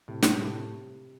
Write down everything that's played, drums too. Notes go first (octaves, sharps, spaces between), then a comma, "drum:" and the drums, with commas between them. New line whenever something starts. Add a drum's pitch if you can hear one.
A2 C3
C4, drum: snare
A2 C3